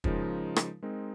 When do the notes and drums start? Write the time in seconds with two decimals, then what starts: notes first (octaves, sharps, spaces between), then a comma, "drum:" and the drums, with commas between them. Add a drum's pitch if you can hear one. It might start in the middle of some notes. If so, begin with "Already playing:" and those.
0.04 C#3 F3 G#3 D#4 A#4, drum: kick
0.56 drum: rim click
0.83 G#3 C4 D#4 A#4